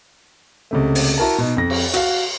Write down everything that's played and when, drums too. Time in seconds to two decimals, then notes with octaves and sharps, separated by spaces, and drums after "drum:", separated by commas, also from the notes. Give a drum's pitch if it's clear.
0.71 C#2 C3 A3
0.95 drum: open hi-hat
1.18 E4 F#4 A#4 A5
1.38 B2 D#4
1.57 F2 A#6
1.70 drum: cymbal
1.94 F#4 F5, drum: hi-hat